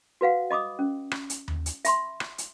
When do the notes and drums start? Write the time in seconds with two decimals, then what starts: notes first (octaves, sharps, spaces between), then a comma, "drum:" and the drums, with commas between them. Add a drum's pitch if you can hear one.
0.21 F#4 B4 F5 F#5
0.51 D#5 B5 D6 D#6
0.79 C#4
1.11 drum: rim click
1.30 drum: hi-hat
1.48 drum: tom D#2
1.66 drum: hi-hat
1.85 E5 B5 C6, drum: hi-hat
2.20 drum: rim click
2.38 drum: hi-hat